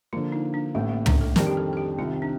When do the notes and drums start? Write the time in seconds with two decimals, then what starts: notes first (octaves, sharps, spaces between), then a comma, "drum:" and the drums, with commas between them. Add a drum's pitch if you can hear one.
0.13 D3 F3 A#3 F4
0.32 D#4
0.54 D4
0.75 A1 A2 A3 A#3
0.89 A#3
1.06 D4, drum: tom
1.21 A4
1.36 F2 D#3 G3 D4 A#4, drum: snare
1.47 G4
1.57 A4
1.73 A4
1.77 G4
1.98 C2 C3 D#3 F4
2.22 D4